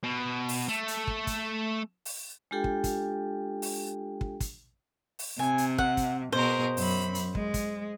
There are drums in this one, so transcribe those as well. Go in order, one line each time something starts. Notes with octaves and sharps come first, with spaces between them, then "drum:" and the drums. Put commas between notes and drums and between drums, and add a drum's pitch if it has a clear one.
B2
drum: open hi-hat
A3
drum: hi-hat
drum: kick
drum: kick, hi-hat
drum: open hi-hat
G#3 D4 F4 G4 A4 G5
drum: kick
drum: kick, hi-hat
drum: open hi-hat
drum: kick
drum: kick, hi-hat
drum: open hi-hat
C3 G#5
drum: hi-hat
F#5, drum: kick
drum: kick, hi-hat
B2 G#4 A#4 C5
F#2 B5, drum: open hi-hat
drum: hi-hat
G#3, drum: kick
drum: kick, hi-hat